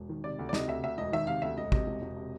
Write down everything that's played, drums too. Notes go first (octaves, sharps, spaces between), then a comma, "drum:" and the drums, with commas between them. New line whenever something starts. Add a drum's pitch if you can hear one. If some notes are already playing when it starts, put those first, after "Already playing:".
Already playing: E1
D#3
C3 D5
D2
D5
C3 D#5, drum: snare
D2 E5
D2 E5
E1 D#5
D#3 E5
C3 F5
D2 E5
E1 D#5
C3 D#5, drum: kick
E1
E1
C3